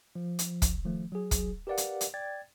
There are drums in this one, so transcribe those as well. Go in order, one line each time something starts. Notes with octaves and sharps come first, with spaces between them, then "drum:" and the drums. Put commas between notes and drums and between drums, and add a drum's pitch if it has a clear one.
F3
drum: hi-hat
drum: kick, hi-hat
D#3 F3 A3
F#3 G#4
drum: kick, hi-hat
G4 A#4 B4 D5 F5 F#5
drum: hi-hat
drum: hi-hat
D5 G5 G#6 A6